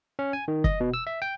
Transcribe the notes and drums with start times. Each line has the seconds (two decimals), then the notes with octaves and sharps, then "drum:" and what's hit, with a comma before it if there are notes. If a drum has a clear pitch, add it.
0.19 C#4
0.33 G#5
0.48 D#3
0.64 D#5, drum: kick
0.80 B2
0.94 E6
1.07 E5
1.22 G5